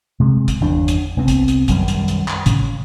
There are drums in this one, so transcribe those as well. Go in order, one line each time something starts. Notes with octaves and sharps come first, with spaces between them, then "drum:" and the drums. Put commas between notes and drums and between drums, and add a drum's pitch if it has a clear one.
C3 G#3
drum: kick, hi-hat
G1 E2 D4
drum: hi-hat
C2 B3 C4
drum: kick, hi-hat
drum: hi-hat
B1 F#2 D#3 G3, drum: kick, hi-hat
drum: hi-hat
drum: hi-hat
drum: clap
A2 C#3, drum: kick, hi-hat